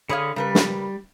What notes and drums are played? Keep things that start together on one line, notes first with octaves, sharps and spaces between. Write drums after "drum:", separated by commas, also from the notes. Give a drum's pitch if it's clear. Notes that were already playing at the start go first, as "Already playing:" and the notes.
D3 G#4 C#5 F5 B5 D#6
C#3 G3 A#4 B4
drum: snare